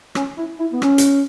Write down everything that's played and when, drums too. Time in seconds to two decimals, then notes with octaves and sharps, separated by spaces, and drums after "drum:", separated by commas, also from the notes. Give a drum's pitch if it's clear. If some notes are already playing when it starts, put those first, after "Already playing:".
0.15 C#4, drum: rim click
0.37 E4
0.59 E4
0.72 B3
0.82 C#4, drum: rim click
0.98 drum: hi-hat